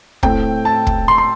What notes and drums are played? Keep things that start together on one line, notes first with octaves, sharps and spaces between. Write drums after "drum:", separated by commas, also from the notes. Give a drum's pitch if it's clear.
A2 A3 C4 G5, drum: kick
A5
drum: kick
C6
C6